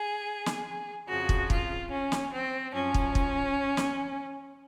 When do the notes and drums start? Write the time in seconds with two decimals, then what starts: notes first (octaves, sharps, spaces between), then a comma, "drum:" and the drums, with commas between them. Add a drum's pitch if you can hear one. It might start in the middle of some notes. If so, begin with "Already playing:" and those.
Already playing: G#4
0.46 drum: snare
1.08 F2 C#3 F3 F#4
1.29 drum: kick
1.50 F4, drum: kick
1.91 C#4
2.12 drum: snare
2.33 C4
2.74 F#2 F3 C#4
2.94 drum: kick
3.15 drum: kick
3.77 drum: snare